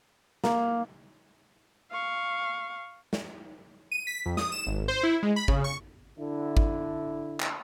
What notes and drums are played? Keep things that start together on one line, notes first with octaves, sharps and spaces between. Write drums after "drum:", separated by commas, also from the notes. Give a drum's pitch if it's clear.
A#3, drum: snare
F5 C#6
drum: snare
D#7
B6
F2
D#6, drum: snare
E7
G#1
C5
E4
G#3
B5
C#3, drum: kick G#1
C#6
D3 E4
drum: kick G#1
drum: clap